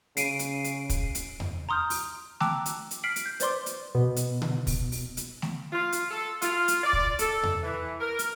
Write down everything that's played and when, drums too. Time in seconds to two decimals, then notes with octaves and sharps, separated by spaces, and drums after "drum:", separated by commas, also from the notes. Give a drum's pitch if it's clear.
0.17 C#3 C7 D7 D#7, drum: hi-hat
0.39 drum: hi-hat
0.64 drum: hi-hat
0.90 drum: kick, hi-hat
1.15 drum: hi-hat
1.40 drum: tom E2
1.69 A#5 C6 D#6 F6 G6
1.90 drum: open hi-hat
2.40 G5 A5 A#5 D6 E6 F#6, drum: snare A3
2.66 drum: hi-hat
2.91 drum: hi-hat
3.04 F6 B6 C7 D7 F#7
3.16 drum: hi-hat
3.26 G6
3.40 B4 C5 D5 C6 D6, drum: hi-hat
3.66 drum: hi-hat
3.95 B2 B3
4.16 drum: hi-hat
4.42 drum: tom C#3
4.67 drum: kick, open hi-hat
4.92 drum: open hi-hat
5.17 drum: hi-hat
5.42 drum: snare A3
5.73 F4
5.92 drum: hi-hat
6.11 A4
6.42 F4, drum: hi-hat
6.68 drum: hi-hat
6.84 D5
6.93 drum: kick
7.19 A4, drum: hi-hat
7.43 drum: tom E2
7.63 E3
8.00 A#4
8.19 drum: hi-hat